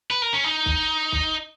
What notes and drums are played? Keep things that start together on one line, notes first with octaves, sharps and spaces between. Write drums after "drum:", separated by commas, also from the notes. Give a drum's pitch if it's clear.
B4
A#4
C#4
D#4
drum: kick
drum: kick